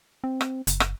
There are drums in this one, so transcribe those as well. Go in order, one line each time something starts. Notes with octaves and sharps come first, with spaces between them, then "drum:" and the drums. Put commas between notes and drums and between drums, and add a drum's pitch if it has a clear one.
C4
drum: rim click
F#1, drum: hi-hat
drum: rim click